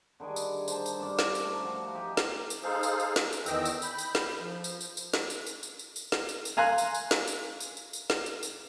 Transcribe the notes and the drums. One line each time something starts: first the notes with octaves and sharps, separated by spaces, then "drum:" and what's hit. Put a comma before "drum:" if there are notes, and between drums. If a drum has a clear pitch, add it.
D3 D#3 G3 G#4
drum: tambourine
C5 A5, drum: tambourine
drum: tambourine
G2 C#4 D5
drum: snare
drum: tambourine
A3 A#4 C5
F3 F#4 C6
F3 D#4 G4 D#5
drum: snare
drum: tambourine
D#4 G#4 A4 C5 F5
drum: tambourine
drum: tambourine
drum: snare
drum: tambourine
E2 D#3 E3 D#5 G5 E6, drum: tambourine
drum: tambourine
B5 G6, drum: tambourine
drum: tambourine
drum: snare
F3
drum: tambourine
drum: tambourine
drum: tambourine
drum: snare
drum: tambourine
drum: tambourine
drum: tambourine
drum: tambourine
drum: tambourine
drum: snare
drum: tambourine
drum: tambourine
F5 G#5 A#5 C6 F#6
drum: tambourine
drum: tambourine
drum: snare
drum: tambourine
drum: tambourine
drum: tambourine
drum: tambourine
drum: snare
drum: tambourine
drum: tambourine